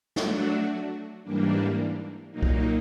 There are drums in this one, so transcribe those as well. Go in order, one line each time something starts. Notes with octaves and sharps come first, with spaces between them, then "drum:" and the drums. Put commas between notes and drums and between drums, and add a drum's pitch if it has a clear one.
F#3 A3 D4 F#4, drum: snare
G#2 E3 G3 A#3 D4
A#2 F#3 A#3 D#4
drum: kick C2